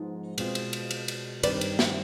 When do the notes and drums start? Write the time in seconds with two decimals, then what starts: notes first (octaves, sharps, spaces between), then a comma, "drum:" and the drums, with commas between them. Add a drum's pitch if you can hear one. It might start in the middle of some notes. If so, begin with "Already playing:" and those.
Already playing: G#2 F3 B3 D#4
0.38 B2 G#3 C4 F4, drum: cymbal
0.55 drum: cymbal
0.73 drum: cymbal
0.91 drum: cymbal
1.08 drum: cymbal
1.43 G2 D#3 G3 C4 B4 D5, drum: cymbal
1.61 drum: cymbal
1.79 drum: snare